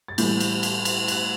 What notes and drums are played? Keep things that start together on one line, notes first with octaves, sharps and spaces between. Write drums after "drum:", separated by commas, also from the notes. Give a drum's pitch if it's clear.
A6
A2 E3 G3 G6, drum: cymbal
drum: cymbal
drum: cymbal
drum: cymbal
F#6, drum: cymbal